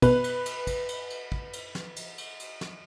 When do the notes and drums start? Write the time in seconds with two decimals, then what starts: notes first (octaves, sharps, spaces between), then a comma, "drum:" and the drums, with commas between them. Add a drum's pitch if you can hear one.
0.02 B2 B4, drum: kick, cymbal
0.24 drum: cymbal
0.46 drum: cymbal
0.67 drum: kick, cymbal
0.89 drum: cymbal
1.10 drum: cymbal
1.32 drum: kick
1.53 drum: cymbal
1.75 drum: snare
1.96 drum: cymbal
2.18 drum: cymbal
2.40 drum: cymbal
2.61 drum: snare